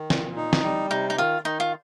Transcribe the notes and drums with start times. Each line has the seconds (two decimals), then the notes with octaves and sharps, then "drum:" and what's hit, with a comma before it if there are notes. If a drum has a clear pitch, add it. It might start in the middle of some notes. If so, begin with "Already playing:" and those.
Already playing: D#3
0.10 A#2, drum: snare
0.36 D#4
0.53 drum: snare
0.64 G3
0.91 C3 D#4
1.10 D#4
1.18 D#3 F4
1.44 D#3 D#4
1.60 F4